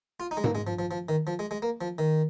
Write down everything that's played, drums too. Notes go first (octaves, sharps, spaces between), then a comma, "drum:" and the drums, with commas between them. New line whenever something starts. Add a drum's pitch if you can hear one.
F4
D#4
G#3
A#3, drum: tom G#2
G#3
F3
F3
F3
D#3
F3
G#3
G#3
A#3
F3
D#3